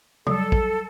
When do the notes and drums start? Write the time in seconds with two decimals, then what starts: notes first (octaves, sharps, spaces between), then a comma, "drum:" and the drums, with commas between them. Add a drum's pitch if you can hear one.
0.27 F#3 G3 A4, drum: tom C#3
0.52 drum: kick